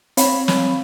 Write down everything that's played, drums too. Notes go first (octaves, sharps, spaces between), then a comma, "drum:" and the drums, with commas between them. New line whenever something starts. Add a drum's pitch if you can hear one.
C4 C#5 F5 B5, drum: hi-hat
drum: snare